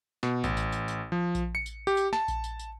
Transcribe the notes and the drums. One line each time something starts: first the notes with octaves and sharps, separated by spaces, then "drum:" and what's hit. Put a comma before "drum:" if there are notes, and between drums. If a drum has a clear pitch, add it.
B2, drum: snare
A1, drum: kick A#1, tambourine
drum: tambourine
drum: tambourine
drum: tambourine
F3
drum: kick A#1, tambourine
C#7
drum: tambourine
G4
drum: tambourine
A5, drum: snare
drum: kick A#1, tambourine
drum: tambourine
drum: tambourine